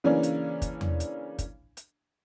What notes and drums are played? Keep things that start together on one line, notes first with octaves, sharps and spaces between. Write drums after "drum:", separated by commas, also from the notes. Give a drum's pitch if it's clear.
C#3 E3 A#3 C#4 D4
drum: hi-hat
drum: kick, hi-hat
drum: tom E2
drum: hi-hat
drum: kick, hi-hat
drum: hi-hat